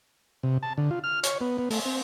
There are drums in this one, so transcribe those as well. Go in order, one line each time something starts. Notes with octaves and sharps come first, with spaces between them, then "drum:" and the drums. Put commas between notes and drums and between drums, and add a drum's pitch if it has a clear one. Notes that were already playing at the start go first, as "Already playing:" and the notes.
C3
A5
D3
F4
F6
C#5, drum: hi-hat
B3
B3
A3, drum: open hi-hat
C4